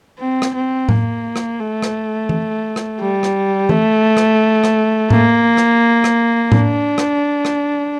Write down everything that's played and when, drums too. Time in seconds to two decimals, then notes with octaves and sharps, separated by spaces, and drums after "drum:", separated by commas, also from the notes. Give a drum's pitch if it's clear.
0.19 C4
0.42 drum: rim click
0.54 C4
0.89 A#3, drum: tom A2
1.36 drum: rim click
1.59 A3
1.82 drum: rim click
2.29 drum: tom E3
2.76 drum: rim click
3.00 G3
3.23 drum: rim click
3.69 A3, drum: tom E3
4.17 drum: rim click
4.64 drum: rim click
5.10 A#3, drum: tom A2
5.57 drum: rim click
6.04 drum: rim click
6.52 D4, drum: tom A2
6.98 drum: rim click
7.45 drum: rim click